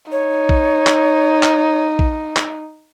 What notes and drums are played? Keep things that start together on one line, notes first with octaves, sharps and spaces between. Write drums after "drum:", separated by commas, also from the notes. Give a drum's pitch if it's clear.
D#4 C#5
drum: kick
drum: clap
drum: clap
drum: kick
drum: clap